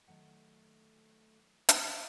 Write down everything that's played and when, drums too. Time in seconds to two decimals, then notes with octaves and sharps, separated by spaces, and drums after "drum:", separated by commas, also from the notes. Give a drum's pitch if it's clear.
0.08 D#3 F#3 A3 F#5
1.69 drum: hi-hat